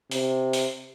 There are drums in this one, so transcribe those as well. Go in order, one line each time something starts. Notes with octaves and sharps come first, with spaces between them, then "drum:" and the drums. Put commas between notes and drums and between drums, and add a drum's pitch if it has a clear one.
C3, drum: open hi-hat
drum: open hi-hat